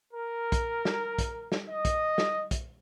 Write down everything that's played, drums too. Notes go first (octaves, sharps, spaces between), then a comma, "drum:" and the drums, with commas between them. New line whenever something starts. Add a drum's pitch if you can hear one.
A#4
drum: kick, hi-hat
drum: snare
drum: kick, hi-hat
drum: snare
D#5
drum: kick, hi-hat
drum: snare
drum: kick, hi-hat